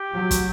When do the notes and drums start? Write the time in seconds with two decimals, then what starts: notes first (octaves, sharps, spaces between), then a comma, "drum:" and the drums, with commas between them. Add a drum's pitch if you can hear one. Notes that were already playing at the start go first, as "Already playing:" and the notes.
Already playing: G4
0.15 F#3
0.31 drum: kick, hi-hat